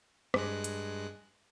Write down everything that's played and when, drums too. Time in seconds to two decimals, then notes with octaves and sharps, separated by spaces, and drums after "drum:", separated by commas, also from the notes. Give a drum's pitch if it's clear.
0.34 G2 G#3 F#6, drum: rim click
0.64 drum: hi-hat